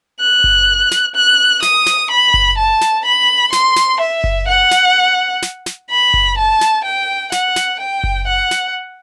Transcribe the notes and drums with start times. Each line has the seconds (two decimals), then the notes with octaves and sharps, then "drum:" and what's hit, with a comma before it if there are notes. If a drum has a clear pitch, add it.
0.20 F#6
0.44 drum: kick F#1
0.91 drum: snare
1.15 F#6
1.62 D#6, drum: snare
1.86 drum: snare
2.11 B5
2.34 drum: kick F#1
2.58 A5
2.81 drum: snare
3.05 B5
3.53 C6, drum: snare
3.76 drum: snare
4.00 E5
4.24 drum: kick F#1
4.48 F#5
4.71 drum: snare
5.42 drum: snare
5.66 drum: snare
5.90 B5
6.14 drum: kick F#1
6.38 A5
6.61 drum: snare
6.84 G5
7.32 F#5, drum: snare
7.56 drum: snare
7.80 G5
8.04 drum: kick F#1
8.27 F#5
8.51 drum: snare